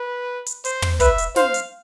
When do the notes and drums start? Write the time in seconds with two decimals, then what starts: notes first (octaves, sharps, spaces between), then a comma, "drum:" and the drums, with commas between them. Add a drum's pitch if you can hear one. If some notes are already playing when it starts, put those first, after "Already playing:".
Already playing: B4
0.46 drum: hi-hat
0.65 C5, drum: hi-hat
0.82 drum: tom
1.00 B4 E5, drum: kick, hi-hat
1.18 drum: hi-hat
1.36 C5 F5, drum: snare
1.54 drum: hi-hat